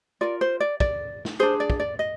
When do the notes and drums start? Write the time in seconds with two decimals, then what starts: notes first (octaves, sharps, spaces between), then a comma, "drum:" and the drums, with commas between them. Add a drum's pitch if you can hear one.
0.21 F4 A#4 D5
0.41 C5
0.60 D5
0.80 D5, drum: kick
1.25 drum: snare
1.39 D4 G#4 C5
1.60 D5
1.70 drum: kick
1.80 D5
1.99 D#5